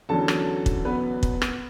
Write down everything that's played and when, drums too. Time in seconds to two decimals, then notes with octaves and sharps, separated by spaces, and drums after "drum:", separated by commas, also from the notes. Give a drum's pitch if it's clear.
0.09 E2 D3 F#3 C#4 A4 A5
0.28 drum: rim click
0.66 drum: kick
0.85 B3 B4
1.23 drum: kick
1.42 drum: rim click